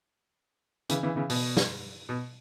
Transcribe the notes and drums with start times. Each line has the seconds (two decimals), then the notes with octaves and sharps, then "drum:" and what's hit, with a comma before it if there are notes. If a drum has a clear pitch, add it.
0.89 C#3 E3, drum: hi-hat
1.03 C#3 E3
1.16 C#3 E3
1.30 B2, drum: open hi-hat
1.57 drum: snare
2.09 B2